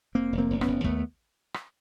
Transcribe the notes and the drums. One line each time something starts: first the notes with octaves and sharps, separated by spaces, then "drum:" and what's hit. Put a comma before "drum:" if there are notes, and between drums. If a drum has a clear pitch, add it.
F1 A#3 C4
F1
A#3 C4
F1
B3 C#4, drum: rim click
F1
D#2 A3 B3, drum: kick
drum: rim click